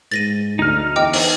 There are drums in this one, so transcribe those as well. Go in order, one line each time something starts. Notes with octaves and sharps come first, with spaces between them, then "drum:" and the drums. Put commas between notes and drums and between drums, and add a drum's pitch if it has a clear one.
G#2 A6 A#6 D#7
D2 D#4 F6
E2 D#5 G5 D6
drum: open hi-hat